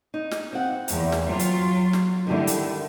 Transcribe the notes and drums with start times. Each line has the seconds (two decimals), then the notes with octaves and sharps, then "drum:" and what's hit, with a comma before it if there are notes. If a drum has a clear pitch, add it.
0.14 D#4
0.31 drum: snare
0.53 C4 F#5
0.88 E2 A#3, drum: hi-hat
1.12 drum: snare
1.26 F#3 F4
1.39 drum: hi-hat
1.93 drum: snare
2.27 D3 D#3 G3 E4
2.47 drum: hi-hat